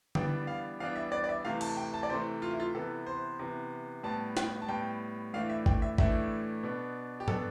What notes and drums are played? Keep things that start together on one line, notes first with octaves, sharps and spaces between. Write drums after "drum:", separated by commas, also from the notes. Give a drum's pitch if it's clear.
E3 G3 B3 D4 G5, drum: tom D3
F5
E3 G3 B3 D4 F5
E5
D5
D5
E5
C3 E3 A3 F5
A5, drum: cymbal
G5
A5
D5
C3 E3 A3 C5
F4
E4
F4
C3 E3 B3 A4
C5
C3 E3 B3
A2 G3 B3 A5
G5, drum: snare
A5
A2 G3 B3 G5
A2 E3 A3 D4 F5
E5
G5, drum: kick G#1
E5
A2 E3 A3 D4 E5, drum: kick G#1
B2 B3 D4
G4
B2 B3 D4 A4, drum: tom G#2